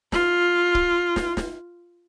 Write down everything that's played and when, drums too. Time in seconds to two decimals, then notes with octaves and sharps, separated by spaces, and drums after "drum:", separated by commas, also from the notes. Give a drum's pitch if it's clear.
0.12 F4, drum: snare
0.75 drum: kick
1.16 drum: snare
1.37 drum: snare